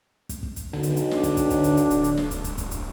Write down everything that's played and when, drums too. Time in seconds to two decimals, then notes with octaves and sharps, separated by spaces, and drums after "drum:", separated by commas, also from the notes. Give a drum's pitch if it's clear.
0.29 drum: kick, hi-hat
0.43 drum: kick
0.56 drum: hi-hat
0.73 B1 D3
0.83 drum: hi-hat
0.97 drum: hi-hat
1.11 D4, drum: snare
1.23 drum: kick, hi-hat
1.37 drum: kick, hi-hat
1.50 drum: kick, hi-hat
1.64 drum: hi-hat
1.77 drum: hi-hat
1.91 D1, drum: hi-hat
2.04 drum: hi-hat
2.17 drum: snare
2.31 drum: kick, hi-hat
2.44 drum: kick, hi-hat
2.58 drum: kick, hi-hat
2.71 drum: hi-hat